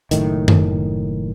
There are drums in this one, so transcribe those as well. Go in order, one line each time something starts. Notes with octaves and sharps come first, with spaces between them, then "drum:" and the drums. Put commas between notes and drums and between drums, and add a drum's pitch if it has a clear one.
F#1 A2 D#3, drum: hi-hat
drum: tom F#2